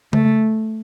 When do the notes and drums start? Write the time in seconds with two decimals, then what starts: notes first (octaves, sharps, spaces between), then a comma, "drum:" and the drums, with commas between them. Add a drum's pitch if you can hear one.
0.13 A3, drum: tom C#3